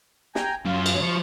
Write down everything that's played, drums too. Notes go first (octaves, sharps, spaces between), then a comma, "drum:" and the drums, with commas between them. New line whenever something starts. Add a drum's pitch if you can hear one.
G5 G#5 A#5, drum: snare
F#2 F4
drum: cymbal
F3 C5 C#6